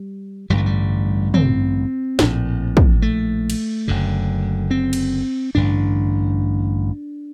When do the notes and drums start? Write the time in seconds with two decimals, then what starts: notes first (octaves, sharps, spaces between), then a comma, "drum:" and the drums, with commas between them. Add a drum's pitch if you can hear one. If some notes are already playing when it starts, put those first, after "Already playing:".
Already playing: G3
0.50 A1 G2 D3 G3
0.58 A3
0.66 G3
1.34 C4, drum: tom
2.19 A#1 A2, drum: snare
2.77 drum: kick
3.02 A3
3.50 drum: cymbal
3.88 F#1 F#2 D3
4.71 C4
4.93 drum: cymbal
5.55 A1 G2 D3 D4